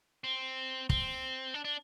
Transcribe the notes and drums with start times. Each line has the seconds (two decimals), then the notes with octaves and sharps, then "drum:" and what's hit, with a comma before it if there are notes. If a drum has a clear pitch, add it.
0.24 C4
0.90 C4, drum: kick
1.54 D4
1.65 D4